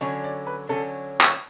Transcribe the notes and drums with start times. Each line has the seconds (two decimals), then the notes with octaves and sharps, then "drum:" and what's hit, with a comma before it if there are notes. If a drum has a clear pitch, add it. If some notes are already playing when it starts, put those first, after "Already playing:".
0.01 D3 F#3 C#4 C#5
0.24 D5
0.47 B4
0.69 D3 F#3 C#4 A4
1.21 drum: clap